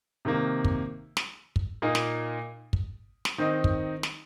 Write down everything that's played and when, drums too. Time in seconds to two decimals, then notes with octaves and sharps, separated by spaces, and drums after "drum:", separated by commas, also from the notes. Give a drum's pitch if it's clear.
0.25 C3 D#3 A#3
0.65 drum: kick
1.17 drum: snare
1.56 drum: kick
1.82 A#2 A#3 D#4
1.95 drum: snare
2.73 drum: kick
3.25 drum: snare
3.38 D#3 C4 D#4
3.64 drum: kick
4.03 drum: snare